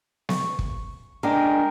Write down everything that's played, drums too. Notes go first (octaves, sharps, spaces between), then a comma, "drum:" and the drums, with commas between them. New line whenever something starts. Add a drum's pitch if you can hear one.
C#6, drum: snare B3
drum: kick
G#3 D4 A#4 G5